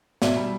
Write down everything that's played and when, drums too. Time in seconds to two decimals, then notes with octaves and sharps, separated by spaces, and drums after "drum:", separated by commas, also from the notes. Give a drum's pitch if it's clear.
0.22 B2 D5 E5, drum: snare
0.37 G3